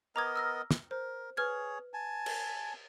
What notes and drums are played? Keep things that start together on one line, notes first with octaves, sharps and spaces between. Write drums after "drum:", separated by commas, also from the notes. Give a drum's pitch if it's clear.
B3 A#4 D#5 A#5 D6 G#6
E6 F6 A#6
drum: snare
A#4 C5
G#4 B4 C#5 F6 G#6
G#5 A5
drum: cymbal